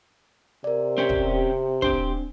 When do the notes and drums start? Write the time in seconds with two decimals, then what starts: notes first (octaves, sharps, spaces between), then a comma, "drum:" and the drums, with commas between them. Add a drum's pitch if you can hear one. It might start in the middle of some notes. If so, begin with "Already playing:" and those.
0.64 C3 A#4 D5
0.98 C4 C#4 G4
1.09 drum: kick
1.82 C4 D4 G4 C5, drum: kick